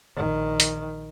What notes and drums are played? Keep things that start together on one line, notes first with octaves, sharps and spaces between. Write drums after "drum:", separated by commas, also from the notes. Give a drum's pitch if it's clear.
A#1 D#3
drum: hi-hat